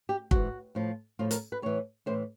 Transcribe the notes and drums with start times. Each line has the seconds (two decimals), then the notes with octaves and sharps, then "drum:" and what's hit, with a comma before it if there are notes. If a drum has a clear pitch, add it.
0.09 G4
0.31 G#2 E3 F#4, drum: kick
0.75 A2 F3
1.19 A2 F3 F4
1.31 A#4, drum: hi-hat
1.52 B4
1.62 A2 E3 C#5
2.06 A2 E3 C5